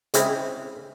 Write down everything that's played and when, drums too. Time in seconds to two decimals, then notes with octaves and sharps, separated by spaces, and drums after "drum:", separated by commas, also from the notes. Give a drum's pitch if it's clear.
0.14 C#3 G#3 C4 E4, drum: hi-hat